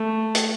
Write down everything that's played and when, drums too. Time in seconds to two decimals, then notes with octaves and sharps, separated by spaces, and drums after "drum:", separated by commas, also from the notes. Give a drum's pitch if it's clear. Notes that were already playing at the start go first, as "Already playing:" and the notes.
Already playing: A3
0.35 drum: hi-hat